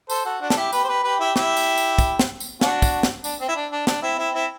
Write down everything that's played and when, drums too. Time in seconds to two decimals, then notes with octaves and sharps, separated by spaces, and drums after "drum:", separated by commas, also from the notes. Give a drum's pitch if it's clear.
0.10 A4 C5, drum: tambourine
0.25 F#4 A4
0.41 D4 F#4
0.50 A4, drum: snare
0.57 E4 G4
0.73 G4 B4, drum: tambourine
0.84 C5
0.88 G4 B4
1.04 G4 B4
1.20 E4 G4
1.36 E4 G4, drum: snare
1.57 drum: tambourine
1.78 drum: tambourine
1.98 drum: kick, tambourine
2.19 drum: snare
2.40 drum: tambourine
2.61 D4 F#4, drum: snare
2.82 drum: kick, tambourine
3.03 drum: snare
3.24 D4, drum: tambourine
3.40 C4
3.48 E4
3.56 D4
3.72 D4
3.87 D4, drum: snare
4.02 C4 E4
4.18 C4 E4
4.34 C4 E4